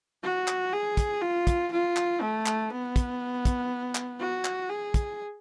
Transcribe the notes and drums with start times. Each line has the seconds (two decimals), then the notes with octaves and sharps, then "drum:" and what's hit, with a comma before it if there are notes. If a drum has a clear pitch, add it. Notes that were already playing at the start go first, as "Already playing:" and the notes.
0.24 F#4
0.48 drum: clap
0.73 G#4
0.97 drum: kick, hi-hat
1.22 F4
1.47 drum: kick, hi-hat
1.72 F4
1.97 drum: clap
2.21 A3
2.46 drum: clap
2.70 B3
2.96 drum: kick, hi-hat
3.45 drum: kick, hi-hat
3.95 drum: clap
4.20 F#4
4.45 drum: clap
4.70 G#4
4.94 drum: kick, hi-hat